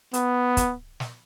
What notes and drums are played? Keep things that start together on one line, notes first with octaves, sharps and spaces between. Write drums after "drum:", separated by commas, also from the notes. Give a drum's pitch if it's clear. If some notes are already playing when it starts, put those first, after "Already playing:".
B3, drum: hi-hat
drum: kick, hi-hat
drum: snare